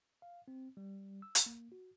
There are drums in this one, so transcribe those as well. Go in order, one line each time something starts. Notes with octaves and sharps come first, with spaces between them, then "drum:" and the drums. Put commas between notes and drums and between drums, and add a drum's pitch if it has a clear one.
F5
C4
G3
E6
drum: hi-hat
A#3
F#4